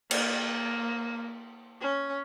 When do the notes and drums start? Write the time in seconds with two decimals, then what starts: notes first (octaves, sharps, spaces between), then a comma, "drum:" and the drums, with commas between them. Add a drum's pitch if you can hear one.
0.11 A#3, drum: cymbal
1.81 C#4